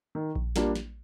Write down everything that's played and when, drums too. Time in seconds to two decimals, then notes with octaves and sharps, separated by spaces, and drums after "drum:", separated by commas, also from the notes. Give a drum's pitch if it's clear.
0.15 D#3
0.36 drum: kick A#1
0.56 G3 A#3 D4 F4, drum: snare
0.76 drum: snare